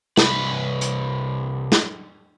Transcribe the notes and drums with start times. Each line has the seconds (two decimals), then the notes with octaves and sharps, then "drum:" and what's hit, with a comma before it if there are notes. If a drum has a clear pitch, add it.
0.17 C2 B4, drum: snare
0.81 drum: hi-hat
1.72 drum: snare